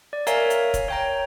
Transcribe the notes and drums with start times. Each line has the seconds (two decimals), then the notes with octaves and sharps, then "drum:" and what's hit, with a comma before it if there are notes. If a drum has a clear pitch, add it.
0.13 D5
0.27 A#4 C#5 E5 F5 G#5 A#5, drum: hi-hat
0.50 drum: hi-hat
0.74 drum: kick, hi-hat
0.88 C#5 G5 A#5